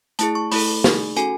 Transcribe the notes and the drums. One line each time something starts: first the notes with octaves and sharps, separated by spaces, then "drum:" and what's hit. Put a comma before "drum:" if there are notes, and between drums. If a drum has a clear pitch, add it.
A3 E4 G#4 A5, drum: hi-hat
C#6
A3 E4 A4 B5, drum: open hi-hat
A3 D#4 G#4, drum: snare
C#4 F#4 A4 G#5, drum: hi-hat